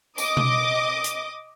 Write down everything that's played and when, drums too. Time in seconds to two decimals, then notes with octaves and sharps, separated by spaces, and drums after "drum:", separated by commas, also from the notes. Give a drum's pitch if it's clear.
0.18 D#5 D6 D#6, drum: tambourine
0.37 drum: tom B2
1.04 drum: hi-hat